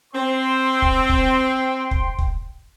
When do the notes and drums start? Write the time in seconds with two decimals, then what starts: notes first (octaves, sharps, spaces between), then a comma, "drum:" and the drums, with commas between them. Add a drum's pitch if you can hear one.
0.14 C4 C5 G5 C6
0.82 drum: kick
1.09 drum: kick
1.91 drum: kick
2.19 drum: kick